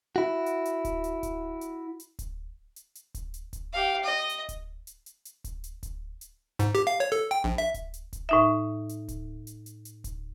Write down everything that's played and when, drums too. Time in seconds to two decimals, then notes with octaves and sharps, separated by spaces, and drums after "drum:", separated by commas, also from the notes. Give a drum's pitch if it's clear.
0.16 E4 F#4
0.46 drum: hi-hat
0.65 drum: hi-hat
0.85 drum: kick D1, hi-hat
1.04 drum: hi-hat
1.23 drum: kick D1, hi-hat
1.61 drum: hi-hat
2.00 drum: hi-hat
2.19 drum: kick D1, hi-hat
2.76 drum: hi-hat
2.95 drum: hi-hat
3.15 drum: kick D1, hi-hat
3.34 drum: hi-hat
3.53 drum: kick D1, hi-hat
3.73 G4 F5
4.04 D#5
4.29 drum: hi-hat
4.49 drum: kick D1, hi-hat
4.87 drum: hi-hat
5.06 drum: hi-hat
5.25 drum: hi-hat
5.44 drum: kick D1, hi-hat
5.64 drum: hi-hat
5.83 drum: kick D1, hi-hat
6.21 drum: hi-hat
6.59 G#2, drum: hi-hat
6.75 G4
6.87 F5
7.00 C#5
7.12 A4
7.31 G5
7.44 A#1
7.58 E5
7.74 drum: kick D1, hi-hat
7.94 drum: hi-hat
8.13 drum: kick D1, hi-hat
8.29 A2 D#4 E5
8.89 drum: hi-hat
9.09 drum: kick D1, hi-hat
9.47 drum: hi-hat
9.66 drum: hi-hat
9.85 drum: hi-hat
10.04 drum: kick D1, hi-hat